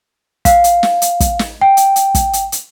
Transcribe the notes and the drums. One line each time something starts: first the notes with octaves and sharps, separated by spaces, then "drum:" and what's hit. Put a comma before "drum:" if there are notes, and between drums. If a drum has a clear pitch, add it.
F5, drum: kick, hi-hat
drum: hi-hat
drum: snare
drum: hi-hat
drum: kick, hi-hat
drum: snare
G5
drum: hi-hat
drum: hi-hat
drum: kick, hi-hat
drum: hi-hat
drum: hi-hat